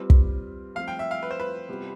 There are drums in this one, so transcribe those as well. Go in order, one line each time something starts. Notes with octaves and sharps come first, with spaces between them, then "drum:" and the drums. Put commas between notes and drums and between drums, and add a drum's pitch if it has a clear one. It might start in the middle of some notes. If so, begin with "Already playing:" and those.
Already playing: G3 C4 F4 B4
drum: kick
F3 A3 C4 F5
G5
E5
F5
B4
C5
B4
C3 G3 B3 F4